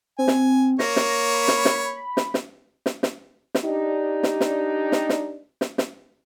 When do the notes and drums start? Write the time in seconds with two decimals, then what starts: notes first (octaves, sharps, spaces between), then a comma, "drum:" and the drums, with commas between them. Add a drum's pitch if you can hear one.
0.19 C4 G#5
0.28 drum: snare
0.79 A#3 C#5 A#6, drum: snare
0.96 drum: snare
1.34 B5
1.48 drum: snare
1.65 drum: snare
2.17 drum: snare
2.34 drum: snare
2.86 drum: snare
3.03 drum: snare
3.55 drum: snare
3.65 D4 D#4 G4
4.23 drum: snare
4.41 drum: snare
4.92 drum: snare
5.09 drum: snare
5.61 drum: snare
5.78 drum: snare